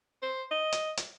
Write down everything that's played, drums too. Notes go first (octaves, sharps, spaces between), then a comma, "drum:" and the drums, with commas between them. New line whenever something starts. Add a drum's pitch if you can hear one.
C5
D#5
drum: hi-hat
drum: hi-hat